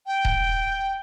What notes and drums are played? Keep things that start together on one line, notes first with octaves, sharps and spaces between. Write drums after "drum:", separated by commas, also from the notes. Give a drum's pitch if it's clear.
G5
drum: kick D#1